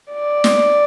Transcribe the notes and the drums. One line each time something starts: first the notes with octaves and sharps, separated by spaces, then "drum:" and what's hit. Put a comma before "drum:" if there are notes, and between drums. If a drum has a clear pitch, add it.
D5
drum: snare